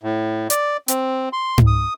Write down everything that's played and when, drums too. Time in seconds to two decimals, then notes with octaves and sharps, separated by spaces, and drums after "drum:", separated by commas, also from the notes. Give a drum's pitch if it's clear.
0.04 A2
0.50 D5, drum: hi-hat
0.88 C4, drum: hi-hat
1.33 C6
1.58 drum: tom G#2
1.67 D#6